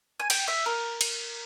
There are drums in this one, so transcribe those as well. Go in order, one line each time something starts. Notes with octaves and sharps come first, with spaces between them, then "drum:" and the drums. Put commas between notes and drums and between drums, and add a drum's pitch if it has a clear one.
G#5
G5, drum: cymbal
E5
A#4
drum: cymbal